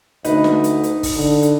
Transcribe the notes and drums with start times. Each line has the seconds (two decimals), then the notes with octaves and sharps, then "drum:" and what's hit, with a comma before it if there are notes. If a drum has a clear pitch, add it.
0.25 D2 D#4 B4, drum: hi-hat
0.44 drum: snare
0.64 drum: hi-hat
0.83 drum: hi-hat
1.03 drum: kick G1, open hi-hat
1.16 D3
1.42 drum: hi-hat